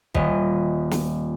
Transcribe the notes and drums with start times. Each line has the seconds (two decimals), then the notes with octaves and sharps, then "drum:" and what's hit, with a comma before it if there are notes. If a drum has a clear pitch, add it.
0.14 D#1 D#5, drum: kick
0.91 drum: snare